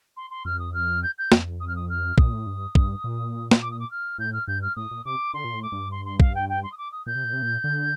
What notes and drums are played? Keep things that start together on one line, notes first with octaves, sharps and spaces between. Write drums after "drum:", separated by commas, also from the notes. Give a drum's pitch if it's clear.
C6
C6
F2 F6
D#6
F6
G6
G6
F2, drum: snare
D#6
F6
D#6
F6
A#2 D#6, drum: kick
A2
G2
G2, drum: kick
A#2
drum: snare
D6
D#6
D6
F6
A2 G6
F6
G2 G6
F6
A2 D#6
A#2
C3 D6
D3 C6
A#2
A2
D6
G2
C6
C6
F5, drum: kick
G5
G5
C6
D#6
D6
D#6
A#2 G6
C3
A#2
C3
A#2
D3